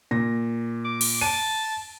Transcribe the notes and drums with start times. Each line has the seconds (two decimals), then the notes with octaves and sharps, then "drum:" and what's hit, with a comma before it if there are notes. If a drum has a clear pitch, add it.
0.11 A#2 A#6
0.85 D6
1.01 drum: cymbal
1.21 A5 D7 D#7